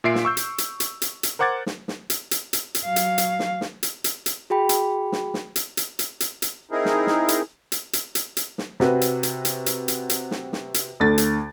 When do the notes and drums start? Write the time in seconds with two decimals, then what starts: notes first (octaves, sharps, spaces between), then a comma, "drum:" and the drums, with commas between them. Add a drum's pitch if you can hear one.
0.04 A#2 F4 E5 C7 D7
0.15 drum: snare
0.25 C#6 E6 G6
0.37 drum: hi-hat
0.58 drum: hi-hat
0.80 drum: hi-hat
1.02 drum: hi-hat
1.23 drum: hi-hat
1.39 A#4 C5 F#5 D6 G#6 A6
1.66 drum: snare
1.88 drum: snare
2.10 drum: hi-hat
2.31 drum: hi-hat
2.53 drum: hi-hat
2.75 drum: hi-hat
2.85 F#3 F5
2.96 drum: hi-hat
3.18 drum: hi-hat
3.39 drum: snare
3.61 drum: snare
3.83 drum: hi-hat
4.04 drum: hi-hat
4.26 drum: hi-hat
4.50 F#4 G#4 G5 B5
4.69 drum: hi-hat
5.12 drum: snare
5.34 drum: snare
5.56 drum: hi-hat
5.77 drum: hi-hat
5.99 drum: hi-hat
6.20 drum: hi-hat
6.42 drum: hi-hat
6.71 C4 D#4 E4 G#4 A#4
6.85 drum: snare
7.07 drum: snare
7.28 drum: hi-hat
7.72 drum: hi-hat
7.93 drum: hi-hat
8.15 drum: hi-hat
8.37 drum: hi-hat
8.58 drum: snare
8.80 C3 F#4 B4, drum: snare
9.01 drum: hi-hat
9.23 drum: hi-hat
9.45 drum: hi-hat
9.66 drum: hi-hat
9.88 drum: hi-hat
10.10 drum: hi-hat
10.31 drum: snare
10.53 drum: snare
10.74 drum: hi-hat
11.00 D2 D3 A6
11.18 drum: hi-hat